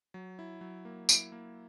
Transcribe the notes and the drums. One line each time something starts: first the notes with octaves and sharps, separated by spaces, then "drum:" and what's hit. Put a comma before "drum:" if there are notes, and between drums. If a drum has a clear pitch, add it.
F#3
E4
F#3
A#3
E4, drum: tambourine
A#3